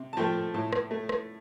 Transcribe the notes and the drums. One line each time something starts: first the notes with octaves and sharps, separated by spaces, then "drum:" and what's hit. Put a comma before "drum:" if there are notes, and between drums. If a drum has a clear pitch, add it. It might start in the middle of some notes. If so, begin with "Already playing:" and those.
Already playing: C3
A5
F3 A3 G5
A2 A5
drum: rim click
A3
drum: rim click